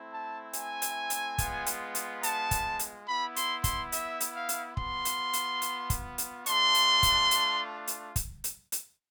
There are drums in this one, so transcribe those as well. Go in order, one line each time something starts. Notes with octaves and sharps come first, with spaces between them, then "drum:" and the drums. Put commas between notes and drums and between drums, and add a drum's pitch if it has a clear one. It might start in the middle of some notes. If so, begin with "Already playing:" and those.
Already playing: A3 C4 E4
A5
G#5, drum: hi-hat
drum: hi-hat
drum: hi-hat
G#3 B3 F4, drum: kick, hi-hat
drum: hi-hat
drum: hi-hat
A5, drum: hi-hat
drum: kick, hi-hat
drum: hi-hat
B3 E4 B5
C6, drum: hi-hat
C6, drum: kick, hi-hat
E5, drum: hi-hat
drum: hi-hat
F5
drum: hi-hat
B3 F4 C6, drum: kick
drum: hi-hat
drum: hi-hat
drum: hi-hat
drum: kick, hi-hat
drum: hi-hat
A3 D4 F4 C6, drum: hi-hat
drum: hi-hat
drum: kick, hi-hat
drum: hi-hat
drum: hi-hat
drum: kick, hi-hat
drum: hi-hat
drum: hi-hat